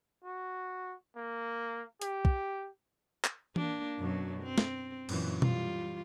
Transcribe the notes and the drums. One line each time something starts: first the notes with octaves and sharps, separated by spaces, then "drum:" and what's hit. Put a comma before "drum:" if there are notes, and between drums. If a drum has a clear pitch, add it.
F#4
A#3
G4, drum: hi-hat
drum: kick
drum: clap
A#3 D4, drum: tom E3
F#2 B2 F#3
C4
drum: snare
F#2 A#2 E3, drum: cymbal
G3 F4, drum: tom B2